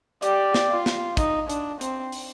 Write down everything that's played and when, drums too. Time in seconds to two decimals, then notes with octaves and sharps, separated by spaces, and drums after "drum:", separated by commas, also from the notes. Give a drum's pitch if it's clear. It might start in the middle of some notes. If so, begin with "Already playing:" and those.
0.22 G4 D5, drum: hi-hat
0.54 drum: snare
0.70 F4
0.86 drum: snare
1.17 D#4, drum: kick, hi-hat
1.49 D4, drum: hi-hat
1.81 C4, drum: hi-hat
2.12 drum: open hi-hat